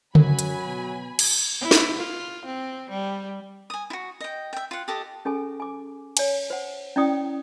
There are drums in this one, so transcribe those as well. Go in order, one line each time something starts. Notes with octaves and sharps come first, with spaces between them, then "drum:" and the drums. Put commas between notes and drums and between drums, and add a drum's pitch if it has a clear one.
F#2 F#3 G#5 B5, drum: tom C#3
drum: hi-hat
B2
drum: cymbal
E4
drum: snare
F4
C4
G3
G#5 D#6
E4 F#4
D#5 G5
E5 G5
F4 F#5
G4 A4 D#5
C#4 G#4 A4 G#5
G#5 D6
C#5 G#5, drum: cymbal
C5 F#5
C#4 E4 D5 G5 D#6